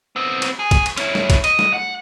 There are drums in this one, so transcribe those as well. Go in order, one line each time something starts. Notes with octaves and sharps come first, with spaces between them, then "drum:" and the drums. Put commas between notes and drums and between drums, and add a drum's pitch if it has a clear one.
B3 C4
drum: cymbal
G#4
drum: kick, cymbal
drum: cymbal
C#4 E4, drum: cymbal
drum: snare
drum: kick, cymbal
D#5, drum: cymbal
drum: snare
F#5